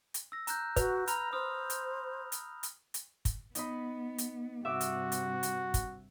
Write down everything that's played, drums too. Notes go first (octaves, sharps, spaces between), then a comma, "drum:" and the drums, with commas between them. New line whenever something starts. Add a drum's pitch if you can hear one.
drum: hi-hat
E6 A#6
A#5 F#6 G6, drum: hi-hat
F#4 B4, drum: kick, hi-hat
A#5 B5 F6 F7, drum: hi-hat
C5 D#6 F6
drum: hi-hat
drum: hi-hat
drum: hi-hat
drum: hi-hat
drum: kick, hi-hat
B3 D#4 D#5 B5, drum: hi-hat
drum: hi-hat
G2 C3 F#4 E5 D6
drum: hi-hat
drum: hi-hat
drum: hi-hat
drum: kick, hi-hat